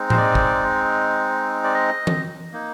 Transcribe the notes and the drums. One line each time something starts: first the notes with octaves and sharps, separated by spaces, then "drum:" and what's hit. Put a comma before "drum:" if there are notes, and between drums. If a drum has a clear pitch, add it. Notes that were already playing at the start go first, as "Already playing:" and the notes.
Already playing: G#3 C4 D#4
C5, drum: tom A2
D5
drum: kick
D5
D#5
drum: tom E3
A#3 D#4